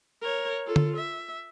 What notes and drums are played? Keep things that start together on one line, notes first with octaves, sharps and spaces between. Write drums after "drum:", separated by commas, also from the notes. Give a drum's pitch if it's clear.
A#4 C#5
F4 A4
drum: tom D3
E5